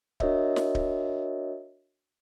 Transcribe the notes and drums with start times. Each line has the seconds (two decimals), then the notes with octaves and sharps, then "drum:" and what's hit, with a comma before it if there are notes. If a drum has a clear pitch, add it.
0.20 D4 F#4 A#4 C#5 D#5 E5, drum: kick D1
0.56 drum: snare
0.75 drum: kick D1